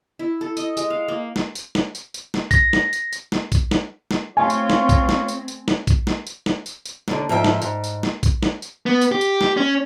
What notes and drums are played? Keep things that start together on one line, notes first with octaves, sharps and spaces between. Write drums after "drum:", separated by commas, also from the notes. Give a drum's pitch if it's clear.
E4
A4
D#5, drum: tambourine
G#3, drum: tambourine
F5
A#3
drum: snare
drum: tambourine
drum: snare
drum: tambourine
drum: tambourine
drum: snare
A#6, drum: kick A#1, tambourine
drum: snare
drum: tambourine
drum: tambourine
drum: snare
drum: kick A#1, tambourine
drum: snare
drum: snare
A3 C4 F4 C#5 G#5
drum: tambourine
drum: snare
drum: kick A#1, tambourine
drum: snare
drum: tambourine
drum: tambourine
drum: snare
drum: kick A#1, tambourine
drum: snare
drum: tambourine
drum: snare
drum: tambourine
drum: tambourine
D#2 D3, drum: snare
G#2 F3 E5 G5
drum: snare
G#2, drum: tambourine
drum: tambourine
drum: snare
drum: kick A#1, tambourine
drum: snare
drum: tambourine
B3
drum: tambourine
G4
drum: tambourine
drum: snare
C#4